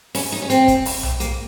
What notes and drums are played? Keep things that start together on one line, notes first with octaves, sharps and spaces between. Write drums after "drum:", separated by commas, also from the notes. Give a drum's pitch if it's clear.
C#4, drum: open hi-hat
D#4
C#4
C4, drum: hi-hat
drum: kick, hi-hat
drum: open hi-hat
drum: tom B1
A#3, drum: hi-hat